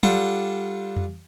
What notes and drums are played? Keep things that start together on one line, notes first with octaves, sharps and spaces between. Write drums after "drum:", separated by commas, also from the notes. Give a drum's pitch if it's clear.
G3 D4 F4 A4 F#5 G5, drum: tom F#3
drum: tom F2